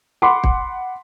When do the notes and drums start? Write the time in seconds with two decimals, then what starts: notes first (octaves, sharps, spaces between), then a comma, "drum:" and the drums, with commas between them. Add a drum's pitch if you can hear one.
0.22 F#5 B5 C6 D6
0.44 drum: kick